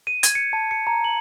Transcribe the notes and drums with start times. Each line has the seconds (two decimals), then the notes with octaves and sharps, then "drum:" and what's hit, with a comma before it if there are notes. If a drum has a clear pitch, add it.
0.07 D#7
0.23 G#6, drum: hi-hat
0.35 C#7
0.53 A5
0.71 C#7
0.87 A#5
1.04 F#7